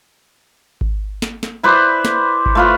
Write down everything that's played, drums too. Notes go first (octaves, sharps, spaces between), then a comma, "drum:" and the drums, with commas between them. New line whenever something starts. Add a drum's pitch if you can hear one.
drum: kick G#1
drum: snare
drum: snare
E4 B4 C5 D5
drum: snare
drum: kick G#1
A3 F4 B4